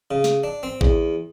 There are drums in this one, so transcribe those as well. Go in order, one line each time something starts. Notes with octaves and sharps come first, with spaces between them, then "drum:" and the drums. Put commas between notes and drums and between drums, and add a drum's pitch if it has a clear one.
C#3
drum: snare
D4
C4
E2, drum: kick